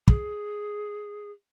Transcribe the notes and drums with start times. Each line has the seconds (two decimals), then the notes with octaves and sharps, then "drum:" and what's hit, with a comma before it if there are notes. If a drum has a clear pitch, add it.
0.08 G#4, drum: kick